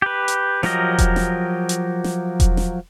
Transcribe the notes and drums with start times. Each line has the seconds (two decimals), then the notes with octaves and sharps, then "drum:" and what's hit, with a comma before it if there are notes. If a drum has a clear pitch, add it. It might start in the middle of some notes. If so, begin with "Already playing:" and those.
0.02 G4 B4
0.28 drum: hi-hat
0.63 F3 F#3 G4 A#4 D#5, drum: snare
0.98 drum: kick E1, hi-hat
1.16 drum: snare
1.69 drum: hi-hat
2.04 drum: snare
2.40 drum: kick E1, hi-hat
2.57 drum: snare